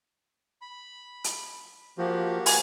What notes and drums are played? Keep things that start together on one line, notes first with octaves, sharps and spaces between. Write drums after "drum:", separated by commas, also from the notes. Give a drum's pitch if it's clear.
B5
drum: hi-hat
F3 A#3 F#4 G4
G#5, drum: open hi-hat